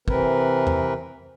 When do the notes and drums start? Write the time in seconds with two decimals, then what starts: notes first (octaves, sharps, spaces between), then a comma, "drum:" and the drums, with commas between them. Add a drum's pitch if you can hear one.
0.08 C3 E3 C4 A#4 B4, drum: kick
0.67 drum: tom E2